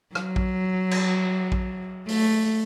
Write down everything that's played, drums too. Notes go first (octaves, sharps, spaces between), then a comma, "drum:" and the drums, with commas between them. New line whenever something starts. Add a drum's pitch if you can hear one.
F#3, drum: rim click
drum: kick A#1
drum: cymbal
drum: kick A#1
A3, drum: open hi-hat